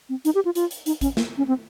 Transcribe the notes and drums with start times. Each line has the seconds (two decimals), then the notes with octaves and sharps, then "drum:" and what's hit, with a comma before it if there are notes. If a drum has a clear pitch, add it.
0.09 C4
0.25 D#4, drum: hi-hat
0.35 G4
0.45 F4
0.55 F4, drum: hi-hat
0.71 drum: hi-hat
0.86 D#4, drum: hi-hat
1.01 C#4, drum: kick A1, hi-hat
1.17 A#3, drum: snare
1.37 C#4
1.48 C4